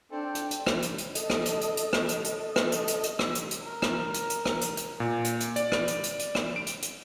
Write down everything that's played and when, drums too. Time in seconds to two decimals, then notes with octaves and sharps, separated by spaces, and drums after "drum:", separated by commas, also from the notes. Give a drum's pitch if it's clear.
0.11 C4 D4 A4 G5
0.35 drum: hi-hat
0.51 drum: hi-hat
0.66 drum: rim click
0.82 drum: hi-hat
0.98 drum: hi-hat
1.15 A4 D#5, drum: hi-hat
1.30 drum: rim click
1.45 drum: hi-hat
1.61 drum: hi-hat
1.77 drum: hi-hat
1.93 drum: rim click
2.09 drum: hi-hat
2.24 drum: hi-hat
2.56 drum: rim click
2.72 drum: hi-hat
2.88 drum: hi-hat
3.03 drum: hi-hat
3.19 drum: rim click
3.35 drum: hi-hat
3.51 drum: hi-hat
3.63 A#4
3.82 drum: rim click
4.14 drum: hi-hat
4.30 drum: hi-hat
4.45 drum: rim click
4.61 drum: hi-hat
4.77 drum: hi-hat
5.00 A#2
5.24 drum: hi-hat
5.40 drum: hi-hat
5.56 D5, drum: hi-hat
5.72 drum: rim click
5.88 drum: hi-hat
6.03 drum: hi-hat
6.19 drum: hi-hat
6.35 drum: rim click
6.56 D7
6.67 drum: hi-hat
6.82 drum: hi-hat